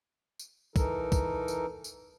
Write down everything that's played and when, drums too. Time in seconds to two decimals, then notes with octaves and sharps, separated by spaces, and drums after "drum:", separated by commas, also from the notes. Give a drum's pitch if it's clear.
0.39 drum: tambourine
0.76 E3 D#4 A4 A#4, drum: kick, tambourine
1.12 drum: kick, tambourine
1.48 drum: tambourine
1.84 drum: tambourine